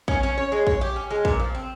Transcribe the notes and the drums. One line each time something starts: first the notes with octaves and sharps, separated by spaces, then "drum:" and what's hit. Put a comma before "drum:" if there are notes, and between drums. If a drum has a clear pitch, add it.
C#4, drum: kick
C#4
C#5
G#3
C#5, drum: kick
G4
C#4
G#3
A#2, drum: kick
F3
C4